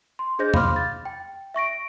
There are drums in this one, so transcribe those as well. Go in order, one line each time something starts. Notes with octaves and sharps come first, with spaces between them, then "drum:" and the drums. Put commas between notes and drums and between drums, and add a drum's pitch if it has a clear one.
C6
D4 G#4 C5 D#5 G6 A#6
F5 B5 C6 D6 F6, drum: tom
A6
G5
E5 C#6 A#6 D7